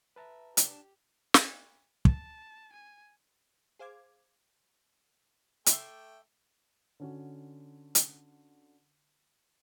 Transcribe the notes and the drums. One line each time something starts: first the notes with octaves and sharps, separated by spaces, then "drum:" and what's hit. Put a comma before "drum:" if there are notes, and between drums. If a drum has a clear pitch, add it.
B4 E5 A5 A#5
D4 G4 E7, drum: hi-hat
drum: snare
A5, drum: kick
G#5
G#4 C5 F5 D6 G#6
A3 E5 G5 C6 D6, drum: hi-hat
D3 C#4 F#4
drum: hi-hat